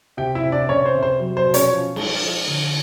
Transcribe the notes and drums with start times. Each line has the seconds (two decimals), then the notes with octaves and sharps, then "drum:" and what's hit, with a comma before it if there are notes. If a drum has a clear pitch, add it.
0.17 C3 G4 G5
0.35 E4 E5
0.43 C3
0.52 D4 D5
0.69 C3 C#4 C#5
0.86 C5
0.95 C3
1.03 C5
1.20 F#3
1.37 C5
1.45 B2
1.54 C#4 C#5, drum: hi-hat
1.71 F3
1.96 G#3, drum: cymbal
2.22 F3
2.47 D3